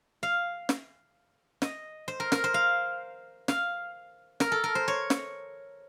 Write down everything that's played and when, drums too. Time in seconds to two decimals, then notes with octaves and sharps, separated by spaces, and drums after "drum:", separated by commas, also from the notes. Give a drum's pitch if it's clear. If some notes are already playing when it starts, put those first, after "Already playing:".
0.23 F5
0.69 drum: snare
1.62 D#5, drum: snare
2.08 C5
2.20 A#4
2.32 A#4, drum: snare
2.44 C5
2.54 F5
3.48 F5, drum: snare
4.40 A#4, drum: snare
4.52 A4
4.64 A#4
4.75 C5
4.88 C#5
5.10 drum: snare